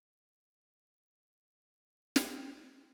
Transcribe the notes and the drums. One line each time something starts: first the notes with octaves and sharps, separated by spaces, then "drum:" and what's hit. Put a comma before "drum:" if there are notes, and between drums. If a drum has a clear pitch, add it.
C4 E4 B4
drum: snare